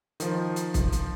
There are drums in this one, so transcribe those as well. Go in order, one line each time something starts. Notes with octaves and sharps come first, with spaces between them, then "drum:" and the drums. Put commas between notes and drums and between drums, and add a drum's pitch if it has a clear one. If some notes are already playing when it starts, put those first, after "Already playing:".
D#3 F3, drum: hi-hat
drum: hi-hat
drum: kick, hi-hat
drum: hi-hat